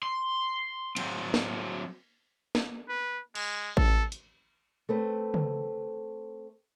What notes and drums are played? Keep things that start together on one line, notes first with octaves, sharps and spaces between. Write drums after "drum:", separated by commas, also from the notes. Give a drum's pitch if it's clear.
C6
F#3 C4, drum: cymbal
drum: snare
drum: snare
B4
G#3, drum: cymbal
A4, drum: kick A1
drum: hi-hat
A3 C4 B4
drum: tom C#3